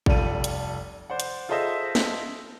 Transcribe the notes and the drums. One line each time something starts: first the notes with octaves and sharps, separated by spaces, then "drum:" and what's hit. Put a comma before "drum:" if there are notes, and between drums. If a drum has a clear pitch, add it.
F1 G3 F4 A4 D#7, drum: kick
drum: hi-hat
C5 D5 F#5
drum: hi-hat
F4 G#4 A4 C5 D#5 E5
drum: snare